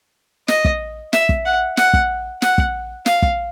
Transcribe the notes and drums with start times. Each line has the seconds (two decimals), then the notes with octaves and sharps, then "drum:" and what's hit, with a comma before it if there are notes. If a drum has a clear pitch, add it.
0.48 D#5, drum: snare
0.65 drum: kick
1.13 E5, drum: snare
1.29 drum: kick
1.45 F#5
1.77 F#5, drum: snare
1.93 drum: kick
2.42 F#5, drum: snare
2.58 drum: kick
3.06 F5, drum: snare
3.22 drum: kick